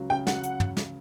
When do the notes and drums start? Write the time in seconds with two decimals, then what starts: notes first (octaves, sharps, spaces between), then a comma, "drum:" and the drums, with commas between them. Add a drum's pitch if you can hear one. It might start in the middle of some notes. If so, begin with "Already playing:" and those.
Already playing: C#2 C#3 F#3
0.10 C#3 G5
0.27 F#3 F#5, drum: snare
0.43 drum: hi-hat
0.60 drum: tom
0.77 drum: snare